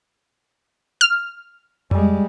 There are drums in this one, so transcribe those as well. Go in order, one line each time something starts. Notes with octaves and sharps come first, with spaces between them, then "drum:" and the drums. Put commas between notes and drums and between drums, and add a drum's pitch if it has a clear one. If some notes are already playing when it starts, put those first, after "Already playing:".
F6
G3 G#3, drum: tom F2